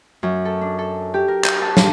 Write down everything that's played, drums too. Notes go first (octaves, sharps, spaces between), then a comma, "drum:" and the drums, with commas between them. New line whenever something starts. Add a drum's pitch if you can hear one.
F#2
A4
D4
A4
G4
A#4
G6, drum: clap
A5
G2, drum: snare